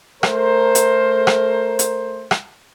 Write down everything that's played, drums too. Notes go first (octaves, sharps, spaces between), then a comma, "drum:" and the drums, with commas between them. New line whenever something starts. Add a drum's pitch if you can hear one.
A3 A#4 C5, drum: rim click
drum: hi-hat
drum: rim click
drum: hi-hat
drum: rim click